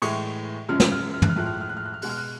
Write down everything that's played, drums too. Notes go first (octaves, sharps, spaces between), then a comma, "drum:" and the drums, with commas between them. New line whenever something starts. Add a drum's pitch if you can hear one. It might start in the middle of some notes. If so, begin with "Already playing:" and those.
A2 E3 G#3 C#6, drum: cymbal
F#2 C#3 F3 G#3 F6
drum: snare
F6
F6
F#6, drum: tom
F6
A2 F3 G#3 F#6
F6
F#6
F6
F#6
F6
F#6
F6
B2 G#3 F#6, drum: open hi-hat
F6
F#6